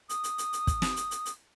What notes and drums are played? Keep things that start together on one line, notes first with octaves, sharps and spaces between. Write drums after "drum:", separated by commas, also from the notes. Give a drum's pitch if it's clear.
D#6, drum: hi-hat
drum: hi-hat
drum: hi-hat
drum: hi-hat
drum: kick, hi-hat
drum: snare
drum: hi-hat
drum: hi-hat
drum: hi-hat